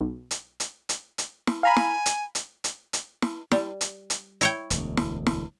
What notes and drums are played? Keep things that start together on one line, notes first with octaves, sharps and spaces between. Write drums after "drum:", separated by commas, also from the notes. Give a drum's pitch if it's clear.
B1
drum: hi-hat
drum: hi-hat
drum: hi-hat
drum: hi-hat
drum: snare
F5 G#5 A#5 B5
drum: snare
drum: hi-hat
drum: hi-hat
drum: hi-hat
drum: hi-hat
drum: snare
G3, drum: snare
drum: hi-hat
drum: hi-hat
E4 C#5 G5, drum: hi-hat
E1 D2, drum: hi-hat
drum: snare
drum: snare